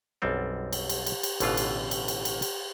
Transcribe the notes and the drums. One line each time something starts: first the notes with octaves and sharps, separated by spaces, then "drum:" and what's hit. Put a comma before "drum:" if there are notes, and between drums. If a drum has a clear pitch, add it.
B1 F#2 G3 C4 A4
drum: cymbal
drum: cymbal
drum: cymbal
drum: cymbal
A1 B2 D3 E3 F4 F5, drum: cymbal
drum: cymbal
drum: cymbal
drum: cymbal
drum: cymbal
drum: cymbal